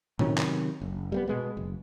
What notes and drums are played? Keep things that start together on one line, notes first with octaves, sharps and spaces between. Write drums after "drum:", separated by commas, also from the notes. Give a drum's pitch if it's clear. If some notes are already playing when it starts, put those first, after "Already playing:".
C3 D#3 F#3 C#4, drum: tom A2
drum: clap
F#1
G3 A3 B3
B2 G#3 B3
F#1